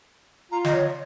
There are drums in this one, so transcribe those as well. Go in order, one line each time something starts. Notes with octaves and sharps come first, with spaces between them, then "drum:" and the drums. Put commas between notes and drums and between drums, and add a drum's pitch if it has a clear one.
F4 A#5
D#5, drum: snare
C#5